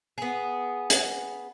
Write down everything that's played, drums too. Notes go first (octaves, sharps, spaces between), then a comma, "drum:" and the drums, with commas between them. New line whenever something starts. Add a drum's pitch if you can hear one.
B3 G#4
drum: hi-hat